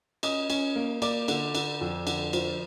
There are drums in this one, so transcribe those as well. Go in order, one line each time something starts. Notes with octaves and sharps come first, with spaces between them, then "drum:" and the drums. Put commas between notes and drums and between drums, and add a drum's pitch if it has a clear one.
C#4 D#5 D#6, drum: cymbal
C#4, drum: cymbal
A#3
A#3 D5 D6, drum: cymbal
D3, drum: cymbal
D3, drum: cymbal
F2
D3, drum: cymbal
F3, drum: cymbal